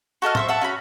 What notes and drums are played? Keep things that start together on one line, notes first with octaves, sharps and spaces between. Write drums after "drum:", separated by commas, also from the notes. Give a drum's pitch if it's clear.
F#4 A4 D#5 F6
C5 E5 C#6, drum: tom A2
E5 F#5 A5
C#4 F#4 B5